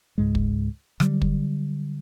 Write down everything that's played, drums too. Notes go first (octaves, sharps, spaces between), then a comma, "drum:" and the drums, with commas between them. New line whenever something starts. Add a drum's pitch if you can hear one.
C#2 G#2 G#3
drum: kick
D3 F#3 G3, drum: rim click
drum: kick